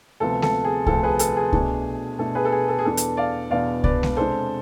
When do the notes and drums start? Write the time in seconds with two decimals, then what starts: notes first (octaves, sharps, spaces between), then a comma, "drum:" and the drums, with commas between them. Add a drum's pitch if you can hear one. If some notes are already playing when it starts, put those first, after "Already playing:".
0.20 D2 C3 F3 B3 A4
0.42 A4, drum: snare G#3
0.64 G#4
0.86 D2 C3 F3 B3 A4, drum: kick C2
1.03 G#4 B4
1.19 A4, drum: hi-hat
1.37 G#4
1.53 B2 A3 D4, drum: kick C2
2.19 B2 A3 D4 A4
2.35 G#4 B4
2.45 A4
2.52 G#4
2.68 A4
2.79 G#4
2.85 E2 B2 B3 D4 A4
2.97 drum: hi-hat
3.17 D5 F5
3.51 E2 B2 B3 D4 D5 F5
3.84 B4 D5, drum: kick C2
4.03 drum: snare G#3
4.17 C3 G#3 D4 A4 C5